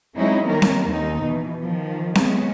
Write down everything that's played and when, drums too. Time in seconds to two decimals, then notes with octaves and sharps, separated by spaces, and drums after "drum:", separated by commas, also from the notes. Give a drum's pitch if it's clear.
0.17 F#3 G#3 C4 C#4 D#4 E4
0.47 D#3 G3 A#3 B3 C#4 A#4
0.62 drum: snare C4
0.87 D#2 D#4
1.23 B2 E3
1.61 D#3 F3
2.15 G#3 B3 C#4, drum: snare C4